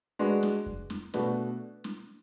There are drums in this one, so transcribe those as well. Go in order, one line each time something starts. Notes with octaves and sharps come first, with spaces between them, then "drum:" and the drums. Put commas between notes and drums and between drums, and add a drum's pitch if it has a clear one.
G#3 D4 F#4 B4
drum: snare
drum: kick F2
drum: snare
B2 A3 D4 F#4 B4, drum: snare
drum: snare